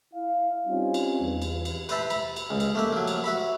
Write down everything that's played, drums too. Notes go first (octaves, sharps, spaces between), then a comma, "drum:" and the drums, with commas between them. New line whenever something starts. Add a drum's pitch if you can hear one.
E4 F5
G3 C4 C#4 D#4 F4
drum: cymbal
E2
drum: cymbal
drum: cymbal
B4 C5 E5 A5 B5, drum: cymbal
A#5 B5, drum: cymbal
drum: cymbal
C#2
drum: cymbal
A3 A#3 E5
F3 F#3
drum: cymbal
F#4 E5 B5